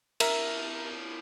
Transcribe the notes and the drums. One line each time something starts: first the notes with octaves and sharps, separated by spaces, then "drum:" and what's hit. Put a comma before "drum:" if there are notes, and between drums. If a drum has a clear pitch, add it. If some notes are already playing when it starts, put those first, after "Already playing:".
A#4 E5 A#5, drum: cymbal